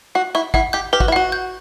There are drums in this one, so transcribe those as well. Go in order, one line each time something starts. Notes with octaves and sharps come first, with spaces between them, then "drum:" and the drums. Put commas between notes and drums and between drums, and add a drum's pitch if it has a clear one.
F#4 F#5
E4 C#6
E4 F#5, drum: kick
G4 G6
G4 B4
F#4, drum: kick
E4
F#4 F#5
G6